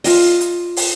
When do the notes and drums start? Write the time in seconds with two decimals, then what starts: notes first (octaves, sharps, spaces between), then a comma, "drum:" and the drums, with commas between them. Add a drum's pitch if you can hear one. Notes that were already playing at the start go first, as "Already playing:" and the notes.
0.04 F4 D#5, drum: open hi-hat
0.40 drum: hi-hat
0.77 drum: open hi-hat